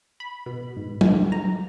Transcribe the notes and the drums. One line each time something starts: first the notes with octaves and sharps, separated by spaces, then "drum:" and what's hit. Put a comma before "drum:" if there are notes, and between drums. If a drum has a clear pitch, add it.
B5
B2
G#2
A#1, drum: tom
A#5